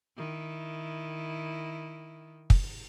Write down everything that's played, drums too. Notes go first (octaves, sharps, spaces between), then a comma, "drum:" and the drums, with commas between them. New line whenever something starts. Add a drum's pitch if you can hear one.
D#3 E4
drum: kick